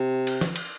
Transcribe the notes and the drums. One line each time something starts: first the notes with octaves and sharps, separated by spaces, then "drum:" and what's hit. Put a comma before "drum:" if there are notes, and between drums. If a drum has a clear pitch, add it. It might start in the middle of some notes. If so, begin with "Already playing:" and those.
Already playing: C3
drum: cymbal
drum: snare
drum: cymbal